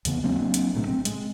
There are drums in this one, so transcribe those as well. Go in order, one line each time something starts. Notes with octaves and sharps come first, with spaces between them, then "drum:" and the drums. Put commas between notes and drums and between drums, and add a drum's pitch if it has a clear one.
E2 C#3 B3, drum: hi-hat
F#3 A#3 C4 D4
drum: hi-hat
A#1 A2 C3
C4
G#3, drum: hi-hat